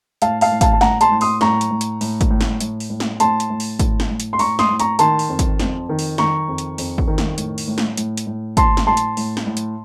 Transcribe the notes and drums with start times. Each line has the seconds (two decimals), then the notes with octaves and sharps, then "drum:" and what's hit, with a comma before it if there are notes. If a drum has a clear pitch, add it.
0.22 A2 F5 A5, drum: hi-hat
0.41 F5 A5, drum: open hi-hat
0.52 A2
0.61 F5 A5, drum: kick, hi-hat
0.73 A5
0.81 A2 F#5 A#5, drum: snare
1.01 A5 C6, drum: hi-hat
1.12 A2
1.21 C6 D#6, drum: open hi-hat
1.41 A2 A#5 C#6, drum: snare
1.61 drum: hi-hat
1.71 A2
1.81 drum: hi-hat
2.01 A2, drum: open hi-hat
2.21 drum: kick, hi-hat
2.31 A2
2.41 drum: snare
2.60 A2, drum: hi-hat
2.80 drum: open hi-hat
2.90 A2
3.00 drum: snare
3.20 A2 A5 C6, drum: hi-hat
3.40 drum: hi-hat
3.50 A2
3.60 drum: open hi-hat
3.79 A2, drum: kick, hi-hat
4.00 drum: snare
4.09 A2
4.20 drum: hi-hat
4.33 C6
4.39 A2 A#5 C#6, drum: open hi-hat
4.59 C6 D#6, drum: snare
4.69 A2
4.80 A#5 C#6, drum: hi-hat
4.99 D#3 A5 C6, drum: hi-hat
5.19 drum: open hi-hat
5.29 F2
5.39 drum: kick, hi-hat
5.59 F2, drum: snare
5.89 D#3
5.99 drum: open hi-hat
6.18 D#3 A#5 C#6, drum: snare
6.48 F2
6.58 drum: hi-hat
6.78 F2, drum: open hi-hat
6.98 drum: kick
7.08 D#3
7.18 drum: snare
7.38 A2, drum: hi-hat
7.58 drum: open hi-hat
7.67 A2
7.78 drum: snare
7.97 A2, drum: hi-hat
8.17 drum: hi-hat
8.27 A2
8.57 A2 A5 C6, drum: kick, hi-hat
8.77 drum: snare
8.87 A2 A5 C6
8.97 drum: hi-hat
9.17 A2, drum: open hi-hat
9.37 drum: snare
9.47 A2
9.57 drum: hi-hat